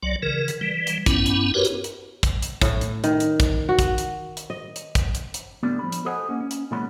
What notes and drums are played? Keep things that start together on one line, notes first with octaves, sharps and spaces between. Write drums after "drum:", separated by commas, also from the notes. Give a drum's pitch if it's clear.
C2 F#3 D5
C#3 E3 A#4
drum: hi-hat
E3 G3
drum: hi-hat
G2 B3 C#4 E4, drum: kick, hi-hat
drum: hi-hat
F#4 G4 A#4 B4 C#5
drum: hi-hat
drum: hi-hat
drum: kick, hi-hat
drum: hi-hat
A2, drum: kick, hi-hat
drum: hi-hat
D#3, drum: hi-hat
drum: hi-hat
drum: kick, hi-hat
F#4
drum: kick, hi-hat
drum: hi-hat
drum: hi-hat
D#5
drum: hi-hat
drum: kick, hi-hat
drum: hi-hat
drum: hi-hat
A2 D3 G3 B3
F3 B5
drum: hi-hat
G4 A4 C5 D#5 F#5 G#5
A#3 C#4
C#4
drum: hi-hat
A#2 E3 G#3 B3 C#4 B5